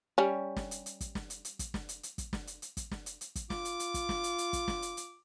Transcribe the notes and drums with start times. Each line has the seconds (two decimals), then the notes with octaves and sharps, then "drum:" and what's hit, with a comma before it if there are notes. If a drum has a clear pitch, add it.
0.18 G3 C#4
0.56 drum: snare
0.71 drum: hi-hat
0.86 drum: hi-hat
1.01 drum: kick, hi-hat
1.15 drum: snare
1.30 drum: hi-hat
1.45 drum: hi-hat
1.59 drum: kick, hi-hat
1.74 drum: snare
1.89 drum: hi-hat
2.03 drum: hi-hat
2.18 drum: kick, hi-hat
2.33 drum: snare
2.47 drum: hi-hat
2.62 drum: hi-hat
2.77 drum: kick, hi-hat
2.91 drum: snare
3.06 drum: hi-hat
3.21 drum: hi-hat
3.35 drum: kick, hi-hat
3.50 F4 D6, drum: snare
3.65 drum: hi-hat
3.80 drum: hi-hat
3.94 drum: kick, hi-hat
4.09 drum: snare
4.24 drum: hi-hat
4.38 drum: hi-hat
4.53 drum: kick, hi-hat
4.68 drum: snare
4.82 drum: hi-hat
4.97 drum: hi-hat